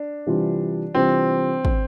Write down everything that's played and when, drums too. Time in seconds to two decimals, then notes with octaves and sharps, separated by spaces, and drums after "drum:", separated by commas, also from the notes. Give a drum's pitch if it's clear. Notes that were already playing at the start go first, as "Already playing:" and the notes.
Already playing: D4
0.27 C3 E3 G3 D4 F4
0.95 C3 E3 G3 C4 D4 F4
1.65 drum: kick